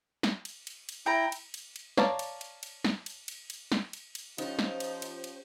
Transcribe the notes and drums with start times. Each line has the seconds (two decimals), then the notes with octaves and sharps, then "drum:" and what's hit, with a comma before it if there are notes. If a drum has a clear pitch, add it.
0.23 drum: snare
0.45 drum: cymbal
0.67 drum: cymbal
0.89 drum: cymbal
1.06 E4 G5 A#5
1.32 drum: cymbal
1.54 drum: cymbal
1.76 drum: cymbal
1.97 C#5 D5 F5 A5 A#5 C#6, drum: snare
2.19 drum: cymbal
2.41 drum: cymbal
2.63 drum: cymbal
2.85 drum: snare
3.06 drum: cymbal
3.28 drum: cymbal
3.50 drum: cymbal
3.72 drum: snare
3.93 drum: cymbal
4.15 drum: cymbal
4.38 F3 C#4 D#4 G4 C5 C#5, drum: cymbal
4.59 drum: snare
4.80 drum: cymbal
5.02 drum: cymbal
5.24 drum: cymbal